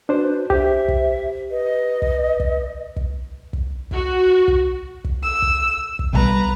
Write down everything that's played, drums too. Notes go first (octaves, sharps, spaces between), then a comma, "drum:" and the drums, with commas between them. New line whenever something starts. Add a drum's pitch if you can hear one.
D4 F#4 B4 C5
G4 C5 E5, drum: kick
drum: kick
B4 D#5
drum: kick
drum: kick
drum: kick
drum: kick
F#4, drum: kick
drum: kick
drum: kick
E6
drum: kick
drum: kick
B1 B2 G3 B4 A#5